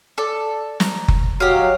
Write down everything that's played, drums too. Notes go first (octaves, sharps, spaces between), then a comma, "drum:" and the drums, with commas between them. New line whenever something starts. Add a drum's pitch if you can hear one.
A4 D5
A#5, drum: snare
drum: kick F#1
F#3 G4 D#5 F5